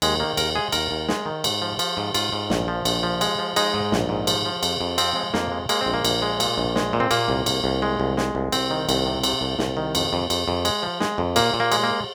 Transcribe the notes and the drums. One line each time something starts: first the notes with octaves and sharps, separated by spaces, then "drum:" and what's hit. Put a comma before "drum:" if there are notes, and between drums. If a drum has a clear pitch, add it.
D#2 G#3, drum: cymbal
D#3 A#3
D#2 A#4, drum: cymbal
G#3 G#4
D#2 A#4, drum: cymbal
D#2
G#3, drum: snare
D#3
G#2, drum: cymbal
F3
F3, drum: cymbal
G#2
G#2 F4, drum: cymbal
G#2
A#1, drum: snare
F3
A#1, drum: cymbal
F3
G#3, drum: cymbal
F3
G#3 D#4, drum: cymbal
G#2
A#1, drum: snare
G#2
F3, drum: cymbal
F3
F2, drum: cymbal
F2
F3 C4, drum: cymbal
G#3
F2 A#3, drum: snare
G#3
G#3 A#3, drum: cymbal
C4
A#1
A#3
A#1, drum: cymbal
G#3
A#2, drum: cymbal
A#1
G#3, drum: snare
A#2
C4
A#2 A#3, drum: cymbal
C2
C2, drum: cymbal
C2
G#3
C2
G#3, drum: snare
C2
C2 C4, drum: cymbal
D#3
C2, drum: cymbal
C3
C3, drum: cymbal
C2
C2, drum: snare
D#3
F2, drum: cymbal
F2
F2, drum: cymbal
F2
G#3, drum: cymbal
F3
G#3, drum: snare
F2
A#2 A#3, drum: cymbal
A#2
A#3
G#3, drum: cymbal
A#3